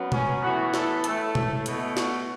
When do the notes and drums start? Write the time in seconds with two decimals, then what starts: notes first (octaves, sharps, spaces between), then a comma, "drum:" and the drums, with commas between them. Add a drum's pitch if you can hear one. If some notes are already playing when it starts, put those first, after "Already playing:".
Already playing: F#2 F#3 B3
0.12 C#4, drum: tom B2
0.42 A2 E3 B3 F#4
0.74 A4, drum: snare
1.04 A2 A3 A4, drum: hi-hat
1.35 drum: tom B2
1.66 B2 A3 A4, drum: hi-hat
1.97 F#4, drum: snare